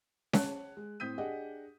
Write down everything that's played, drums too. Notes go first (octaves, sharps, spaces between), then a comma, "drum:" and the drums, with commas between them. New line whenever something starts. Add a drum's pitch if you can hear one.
C#5 A5 F#6, drum: snare C#4
G#3
A2 C4 D#6 G6 B6 D#7
D4 G4 G#4 D#5 F#5